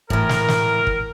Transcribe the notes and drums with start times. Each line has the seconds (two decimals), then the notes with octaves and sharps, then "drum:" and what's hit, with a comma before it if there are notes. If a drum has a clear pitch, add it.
0.10 A2 E3 A#4, drum: kick
0.29 drum: snare
0.48 drum: snare
0.87 drum: kick